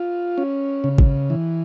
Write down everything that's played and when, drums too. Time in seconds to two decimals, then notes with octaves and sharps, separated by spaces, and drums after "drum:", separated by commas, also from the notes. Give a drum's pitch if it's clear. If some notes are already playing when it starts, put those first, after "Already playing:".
Already playing: F4
0.38 C#4
0.84 C#3
0.98 drum: kick
1.30 E3